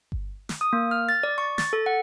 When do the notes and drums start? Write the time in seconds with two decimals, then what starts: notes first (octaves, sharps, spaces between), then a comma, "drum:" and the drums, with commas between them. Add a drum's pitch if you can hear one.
0.12 drum: kick G1
0.49 drum: snare
0.61 D#6
0.73 A#3
0.91 F6
1.09 A6
1.23 D5
1.38 C#6
1.58 A6, drum: snare
1.73 A4
1.86 F#5